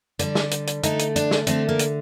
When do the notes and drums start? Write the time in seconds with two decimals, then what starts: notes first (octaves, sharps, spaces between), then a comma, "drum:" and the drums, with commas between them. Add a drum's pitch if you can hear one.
0.19 D3 G3 D5, drum: hi-hat
0.35 drum: snare
0.51 drum: hi-hat
0.67 drum: hi-hat
0.83 D3 A3 D#4, drum: hi-hat
0.99 drum: hi-hat
1.16 D4, drum: hi-hat
1.31 drum: snare
1.47 D3 A3 C4, drum: hi-hat
1.69 A#3
1.79 drum: hi-hat